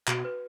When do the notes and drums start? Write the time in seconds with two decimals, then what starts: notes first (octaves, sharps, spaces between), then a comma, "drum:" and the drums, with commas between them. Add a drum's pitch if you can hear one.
0.08 B2 F#4, drum: clap
0.25 B4